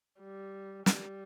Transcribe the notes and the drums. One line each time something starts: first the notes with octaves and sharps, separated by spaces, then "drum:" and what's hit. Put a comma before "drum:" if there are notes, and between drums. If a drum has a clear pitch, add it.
G3
G3, drum: snare